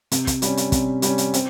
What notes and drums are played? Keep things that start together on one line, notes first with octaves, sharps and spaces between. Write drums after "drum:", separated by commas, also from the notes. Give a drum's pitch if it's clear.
C3, drum: hi-hat
drum: kick, hi-hat
G3 C#4, drum: hi-hat
drum: hi-hat
C3, drum: kick, hi-hat
G3 C#4, drum: hi-hat
drum: hi-hat
C4, drum: hi-hat